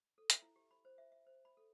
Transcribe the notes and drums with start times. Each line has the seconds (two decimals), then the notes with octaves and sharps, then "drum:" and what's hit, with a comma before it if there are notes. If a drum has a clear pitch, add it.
0.18 A4
0.30 E5, drum: hi-hat
0.42 E4
0.56 G4
0.71 B5
0.85 C5
0.98 E5
1.12 E5
1.27 C5
1.45 B5
1.57 A4